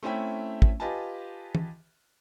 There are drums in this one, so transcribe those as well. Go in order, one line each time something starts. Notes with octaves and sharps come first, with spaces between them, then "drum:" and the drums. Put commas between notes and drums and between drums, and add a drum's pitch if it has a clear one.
A3 C4 C#4 E4 E5 G5
drum: kick
F4 G4 B4 D#5 G#5 A5
drum: tom